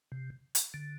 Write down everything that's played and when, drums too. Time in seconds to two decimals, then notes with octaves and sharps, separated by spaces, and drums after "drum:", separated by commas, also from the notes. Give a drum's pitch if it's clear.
0.12 C3
0.55 drum: hi-hat
0.74 D3